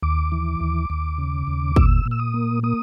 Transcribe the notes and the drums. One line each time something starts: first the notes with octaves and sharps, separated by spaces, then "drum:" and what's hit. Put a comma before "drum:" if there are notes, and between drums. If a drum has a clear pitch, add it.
D#2 D6
E3
D#2
D#2
C#3
D#2
A#2 E6, drum: kick
A#2
E6
D#6
A#3
A#3 D#6